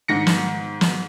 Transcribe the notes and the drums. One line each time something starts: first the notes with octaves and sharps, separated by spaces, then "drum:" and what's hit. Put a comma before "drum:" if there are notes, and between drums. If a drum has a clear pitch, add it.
G#2 D#3 A#6 C#7
drum: snare
drum: snare